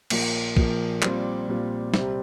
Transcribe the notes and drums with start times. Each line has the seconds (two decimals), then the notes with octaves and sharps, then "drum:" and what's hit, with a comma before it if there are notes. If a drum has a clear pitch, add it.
0.10 A#1 A#2 F3 A#3, drum: cymbal
0.57 A#1 A#2 F3 A#3, drum: kick
1.02 A#2 G3 C4 F4, drum: clap
1.48 A#2 G3 C4 F4
1.94 C2 C3 G3 C4, drum: snare